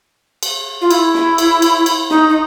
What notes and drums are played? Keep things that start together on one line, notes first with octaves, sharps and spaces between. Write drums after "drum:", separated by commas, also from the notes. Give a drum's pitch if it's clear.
drum: cymbal
F4
E4, drum: cymbal
drum: snare
drum: cymbal
drum: cymbal
drum: cymbal
D#4, drum: snare
D#4